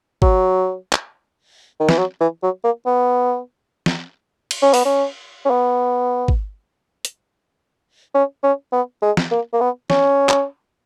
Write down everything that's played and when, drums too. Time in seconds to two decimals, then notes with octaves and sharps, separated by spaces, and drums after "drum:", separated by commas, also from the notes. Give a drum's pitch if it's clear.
0.22 F#3, drum: kick
0.92 drum: clap
1.80 D#3
1.89 E3, drum: snare
1.98 F#3
2.20 E3
2.43 F#3
2.64 A#3
2.86 B3
3.86 drum: snare
4.51 drum: cymbal
4.62 C#4
4.74 B3, drum: open hi-hat
4.85 C#4
5.45 C#4
5.50 B3
6.28 drum: kick
7.05 drum: hi-hat
8.14 C#4
8.43 C#4
8.72 B3
9.02 G#3
9.17 drum: snare
9.31 A#3
9.53 A#3
9.61 B3
9.90 C#4, drum: snare
10.29 drum: clap